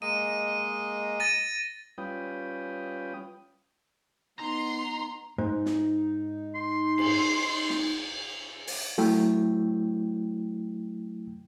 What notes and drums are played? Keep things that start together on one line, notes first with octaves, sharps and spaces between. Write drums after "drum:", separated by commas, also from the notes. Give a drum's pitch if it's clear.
G#3 A#3 D#5 D#7
A6 A#6 D#7
G3 C#4 F4 B4 G5 D#6
B3 D#4 A#5 C6
G#2 D#4
drum: snare
C6
drum: cymbal
drum: snare
drum: open hi-hat
F#3 A3 E4 G5